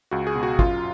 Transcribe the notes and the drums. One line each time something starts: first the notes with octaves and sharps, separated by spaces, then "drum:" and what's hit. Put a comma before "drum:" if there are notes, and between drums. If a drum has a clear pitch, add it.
C#2 F#4
G#4
B2
F#4
F#2 F4, drum: kick